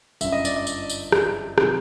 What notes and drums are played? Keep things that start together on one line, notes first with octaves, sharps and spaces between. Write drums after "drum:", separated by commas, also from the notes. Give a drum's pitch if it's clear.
G1 F#2 D3 E5, drum: tambourine
D#5
D5, drum: tambourine
D#5
drum: tambourine
drum: tambourine
drum: rim click
C3 D#3 F#3, drum: rim click